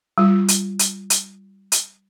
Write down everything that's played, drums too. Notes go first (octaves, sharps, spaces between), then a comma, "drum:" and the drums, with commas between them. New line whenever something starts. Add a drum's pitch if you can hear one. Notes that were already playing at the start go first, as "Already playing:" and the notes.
G3 F4
drum: hi-hat
drum: hi-hat
drum: hi-hat
drum: hi-hat